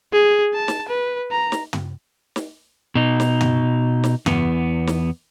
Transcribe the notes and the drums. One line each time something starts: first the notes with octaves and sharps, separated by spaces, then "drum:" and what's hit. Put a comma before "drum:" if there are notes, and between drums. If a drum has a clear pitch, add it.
G#4
A5
drum: snare
B4
A#5
drum: snare
drum: tom
drum: snare
B2 D#4
drum: snare
drum: tom
drum: snare
E2 B3, drum: tom
drum: snare